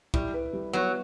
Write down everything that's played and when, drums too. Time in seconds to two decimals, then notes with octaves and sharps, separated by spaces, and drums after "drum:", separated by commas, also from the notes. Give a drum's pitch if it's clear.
0.14 G3 E4, drum: kick
0.34 B4
0.53 G3
0.73 F#3 B3